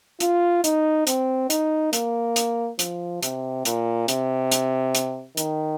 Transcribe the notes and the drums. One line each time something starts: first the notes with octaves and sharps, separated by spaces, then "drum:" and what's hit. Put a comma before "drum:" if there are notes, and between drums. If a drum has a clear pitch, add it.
F4, drum: hi-hat
D#4, drum: hi-hat
C4, drum: hi-hat
D#4, drum: hi-hat
A#3, drum: hi-hat
drum: hi-hat
F3, drum: hi-hat
C3, drum: hi-hat
A#2, drum: hi-hat
C3, drum: hi-hat
drum: hi-hat
drum: hi-hat
D#3, drum: hi-hat